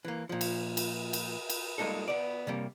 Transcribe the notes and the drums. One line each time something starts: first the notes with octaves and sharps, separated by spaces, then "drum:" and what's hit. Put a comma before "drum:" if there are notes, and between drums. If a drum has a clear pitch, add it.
E3 A#3
A#2 F3
drum: cymbal
drum: cymbal
drum: cymbal
drum: cymbal
G3 G#3 A#3 D#4 A4
B3 D5
C3 G3 A#3